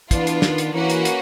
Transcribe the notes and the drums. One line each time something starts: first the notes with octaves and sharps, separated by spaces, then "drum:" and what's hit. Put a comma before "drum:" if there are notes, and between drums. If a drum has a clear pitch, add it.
E3 B3 D4 F4, drum: kick, hi-hat
drum: hi-hat
D#3, drum: snare
drum: hi-hat
E3 A#3 C#4 F#4 B4
drum: hi-hat
drum: hi-hat